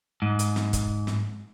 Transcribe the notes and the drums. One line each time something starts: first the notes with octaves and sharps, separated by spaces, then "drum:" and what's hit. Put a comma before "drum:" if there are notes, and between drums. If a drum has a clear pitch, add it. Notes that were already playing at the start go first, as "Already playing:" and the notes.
G#2
drum: hi-hat
drum: snare
drum: kick, hi-hat
drum: snare